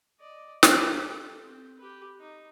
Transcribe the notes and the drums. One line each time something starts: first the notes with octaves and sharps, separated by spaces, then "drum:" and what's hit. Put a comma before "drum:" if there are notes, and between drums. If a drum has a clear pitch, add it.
D5 D#5
G4 A#4, drum: snare
A4
C4
G4 B4
D#4